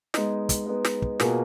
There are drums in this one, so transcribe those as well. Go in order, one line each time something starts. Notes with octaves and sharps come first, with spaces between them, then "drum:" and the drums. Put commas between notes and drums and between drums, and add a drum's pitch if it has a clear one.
G#3 B3 D#4, drum: snare
drum: kick, hi-hat
G#3 B3 D#4
drum: snare
drum: kick
B2 A#3 F4 G#4, drum: snare